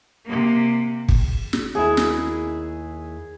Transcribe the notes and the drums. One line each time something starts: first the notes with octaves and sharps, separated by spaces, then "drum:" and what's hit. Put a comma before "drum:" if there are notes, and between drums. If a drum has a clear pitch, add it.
C3 A#3
drum: kick
drum: snare
D#2 E4 G#4 E5
drum: snare